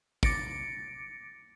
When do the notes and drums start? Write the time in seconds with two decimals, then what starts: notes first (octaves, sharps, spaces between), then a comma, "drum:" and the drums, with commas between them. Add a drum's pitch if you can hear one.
0.23 D6 A6 A#6 C#7 D7, drum: kick